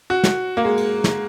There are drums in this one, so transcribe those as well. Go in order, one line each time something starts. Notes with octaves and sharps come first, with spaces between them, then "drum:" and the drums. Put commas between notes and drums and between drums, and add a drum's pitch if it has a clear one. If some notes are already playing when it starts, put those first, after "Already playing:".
F#4
drum: snare
A#3
G#3
drum: cymbal
drum: snare